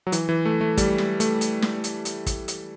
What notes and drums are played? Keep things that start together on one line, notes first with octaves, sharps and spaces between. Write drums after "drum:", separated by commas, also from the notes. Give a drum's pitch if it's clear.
F#3
E3, drum: hi-hat
E3
A3
A3
G3, drum: kick, hi-hat
drum: snare
A3, drum: hi-hat
drum: hi-hat
drum: snare
drum: hi-hat
drum: hi-hat
drum: kick, hi-hat
drum: hi-hat